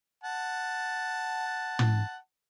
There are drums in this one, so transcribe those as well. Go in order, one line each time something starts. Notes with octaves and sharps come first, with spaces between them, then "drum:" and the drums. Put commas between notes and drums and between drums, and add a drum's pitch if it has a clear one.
F#5 A5
drum: tom